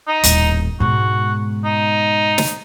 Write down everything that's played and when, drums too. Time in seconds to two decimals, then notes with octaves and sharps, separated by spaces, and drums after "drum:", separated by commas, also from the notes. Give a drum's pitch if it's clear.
0.08 D#4
0.24 D#1 A2, drum: hi-hat
0.80 G#2 B2 F#4
1.65 D#4
2.38 drum: snare